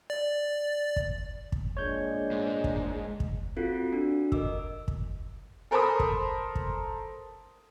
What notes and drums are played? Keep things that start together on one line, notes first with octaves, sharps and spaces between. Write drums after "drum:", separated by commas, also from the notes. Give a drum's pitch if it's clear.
D5
drum: kick
drum: kick
A#1 G#3 D4 C#5 G6
G#2
drum: kick
drum: kick
C4 F4 F#4 A4
D4 F#4 A4
A#4 D#5 D6 E6, drum: kick
drum: kick
A4 A#4 C5 A5 B5 D#6
drum: kick
drum: kick